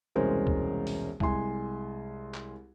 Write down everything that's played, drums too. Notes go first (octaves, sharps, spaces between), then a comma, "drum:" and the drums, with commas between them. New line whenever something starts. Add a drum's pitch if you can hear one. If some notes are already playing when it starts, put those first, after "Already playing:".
E1 C2 G#3 C#4 A#4 C5
drum: kick C#2
drum: open hi-hat
C2 G#3 G#5 C6, drum: kick C#2
drum: clap